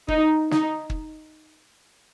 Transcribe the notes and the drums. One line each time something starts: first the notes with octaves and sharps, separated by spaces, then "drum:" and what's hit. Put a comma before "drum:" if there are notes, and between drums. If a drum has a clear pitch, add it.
D#4, drum: kick
D#4, drum: snare
drum: kick